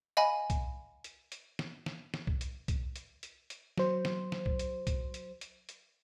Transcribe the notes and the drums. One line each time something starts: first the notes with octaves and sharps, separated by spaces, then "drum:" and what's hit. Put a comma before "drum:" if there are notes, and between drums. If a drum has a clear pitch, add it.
D#5 F5 G#5 B5
drum: kick, hi-hat
drum: hi-hat
drum: hi-hat
drum: snare
drum: snare
drum: snare
drum: kick
drum: hi-hat
drum: kick, hi-hat
drum: hi-hat
drum: hi-hat
drum: hi-hat
F#3 C5, drum: snare
drum: snare
drum: snare
drum: kick
drum: hi-hat
drum: kick, hi-hat
drum: hi-hat
drum: hi-hat
drum: hi-hat